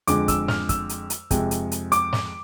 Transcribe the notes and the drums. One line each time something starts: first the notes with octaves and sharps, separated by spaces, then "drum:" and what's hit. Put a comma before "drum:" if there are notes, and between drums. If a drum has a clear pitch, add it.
F2 D3 G#3 D6, drum: hi-hat
E6, drum: kick, hi-hat
F6, drum: snare
E6, drum: kick, hi-hat
drum: hi-hat
drum: hi-hat
F2 C3 G#3, drum: kick, hi-hat
drum: hi-hat
drum: hi-hat
D6, drum: hi-hat
drum: snare